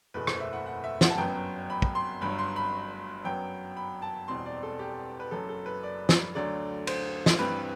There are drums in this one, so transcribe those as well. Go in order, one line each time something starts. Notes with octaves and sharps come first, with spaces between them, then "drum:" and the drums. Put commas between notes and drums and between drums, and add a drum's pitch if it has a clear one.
F#1 E2 B2 A3 B4
C5, drum: rim click
E5
F#5
F#5
E5
F#5, drum: snare
A5
G1 F#2 F#3 B3 G5
B5
drum: kick
C6
G1 G2 F#3 B5
C6
B5
F#2 F#3 B3 G5
B5
A5
E1 E2 B2 G3 C4 C6
D5
A4
G4
B4
F#1 F#2 F#3 A4
A4
B4
D5
drum: snare
D2 D3 F#3 A3 D5
C5, drum: cymbal
drum: snare
G2 E3 G3 C4 B4